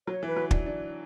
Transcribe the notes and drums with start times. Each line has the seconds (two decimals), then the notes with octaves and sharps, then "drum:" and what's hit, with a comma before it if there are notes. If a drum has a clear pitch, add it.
0.07 F#3 C#5
0.23 E3
0.27 B4
0.36 F#3
0.51 D4, drum: kick
0.66 D4